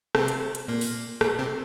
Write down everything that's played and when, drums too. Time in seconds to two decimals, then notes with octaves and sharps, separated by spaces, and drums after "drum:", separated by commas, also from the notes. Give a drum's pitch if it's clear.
0.15 C3 C4, drum: rim click
0.28 drum: hi-hat
0.55 drum: hi-hat
0.68 A#2 A#3
0.81 drum: open hi-hat
1.21 A#2 A#3, drum: rim click
1.39 C3 C4